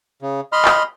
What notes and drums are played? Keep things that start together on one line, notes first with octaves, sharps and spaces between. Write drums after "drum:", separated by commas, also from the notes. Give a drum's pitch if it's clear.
C#3
D#5 B5 C6 F6
drum: clap